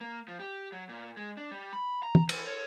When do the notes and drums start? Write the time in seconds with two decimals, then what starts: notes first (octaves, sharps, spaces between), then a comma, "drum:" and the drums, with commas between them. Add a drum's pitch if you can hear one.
0.01 A#3
0.28 F3
0.40 G4
0.72 F#3
0.89 A#2
1.17 G#3
1.37 D4
1.51 G3
1.73 B5
2.03 A#5
2.15 drum: tom
2.29 E3, drum: cymbal
2.47 C#5